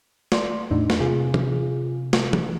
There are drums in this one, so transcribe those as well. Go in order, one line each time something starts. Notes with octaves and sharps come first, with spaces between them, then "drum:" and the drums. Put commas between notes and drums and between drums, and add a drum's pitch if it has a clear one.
D5 C6, drum: snare
E2 A2 D4 D#4
drum: snare
C3 F4 G#4
drum: tom
drum: snare
drum: tom